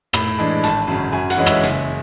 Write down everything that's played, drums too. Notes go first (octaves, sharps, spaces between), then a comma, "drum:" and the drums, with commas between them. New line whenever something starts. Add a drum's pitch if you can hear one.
A2, drum: rim click
E3 G#3 D4
G#1 A5, drum: hi-hat
F#2 C#3
F#2 G#5
F#5, drum: hi-hat
E3 G#3 C#4
E5, drum: rim click
F#1, drum: hi-hat